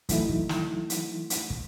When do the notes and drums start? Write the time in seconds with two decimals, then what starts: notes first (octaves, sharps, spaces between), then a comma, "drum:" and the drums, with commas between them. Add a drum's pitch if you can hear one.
0.09 E3 F#3 A3 D#4 E4, drum: kick, hi-hat
0.29 drum: kick
0.49 drum: snare
0.90 drum: hi-hat
1.30 drum: hi-hat
1.50 drum: kick